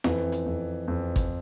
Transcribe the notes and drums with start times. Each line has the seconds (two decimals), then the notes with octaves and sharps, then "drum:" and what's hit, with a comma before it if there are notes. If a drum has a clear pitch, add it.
0.04 F2 E3, drum: snare F4
0.32 drum: hi-hat
0.46 F2
0.88 F2
1.16 drum: kick G#1, hi-hat